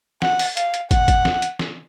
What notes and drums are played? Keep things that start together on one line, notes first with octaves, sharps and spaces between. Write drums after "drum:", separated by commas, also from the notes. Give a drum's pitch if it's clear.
F#5, drum: snare
drum: open hi-hat
F5, drum: hi-hat
drum: hi-hat
F#5, drum: kick, hi-hat
drum: kick, hi-hat
drum: snare
drum: hi-hat
drum: snare